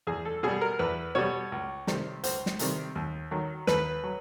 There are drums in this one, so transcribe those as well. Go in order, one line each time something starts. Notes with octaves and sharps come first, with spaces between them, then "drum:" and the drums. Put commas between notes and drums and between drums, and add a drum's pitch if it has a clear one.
E2 G#4
A4
B2 G3 G#4
A#4
E2 B4
B2 G3 C#5
C#2
C3 D#3 G3 C4, drum: snare
C#2 C5, drum: hi-hat
drum: snare
C3 D#3 G3 C4, drum: hi-hat
D#2
D#3 F#3
D#2 B4, drum: snare
F#3